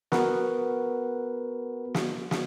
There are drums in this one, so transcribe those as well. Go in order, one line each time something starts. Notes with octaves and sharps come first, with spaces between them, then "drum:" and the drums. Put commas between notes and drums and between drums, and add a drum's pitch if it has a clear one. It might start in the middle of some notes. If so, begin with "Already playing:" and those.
B3 F#4 A#4 B4, drum: snare
drum: snare
drum: snare